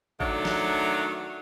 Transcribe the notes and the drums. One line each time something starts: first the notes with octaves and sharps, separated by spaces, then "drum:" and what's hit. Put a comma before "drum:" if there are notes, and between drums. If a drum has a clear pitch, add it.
D#3 F#3 A3 D4, drum: kick G#1
drum: snare